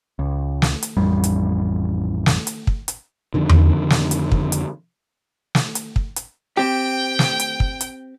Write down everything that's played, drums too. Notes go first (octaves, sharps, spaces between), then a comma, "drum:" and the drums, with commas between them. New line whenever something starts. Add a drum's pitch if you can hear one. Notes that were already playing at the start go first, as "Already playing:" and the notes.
C#2
drum: snare
drum: hi-hat
A1 F2 G3
drum: hi-hat
drum: snare
drum: hi-hat
drum: kick
drum: hi-hat
F2 D3 D#3
drum: tom E2
drum: snare
drum: hi-hat
drum: kick
drum: hi-hat
drum: snare
drum: hi-hat
drum: kick
drum: hi-hat
C4 G4 G5
drum: snare
drum: hi-hat
drum: kick
drum: hi-hat